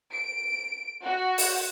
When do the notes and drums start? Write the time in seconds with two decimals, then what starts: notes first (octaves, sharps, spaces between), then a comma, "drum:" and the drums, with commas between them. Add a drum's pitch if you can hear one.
0.11 D7
1.03 F#4
1.38 drum: open hi-hat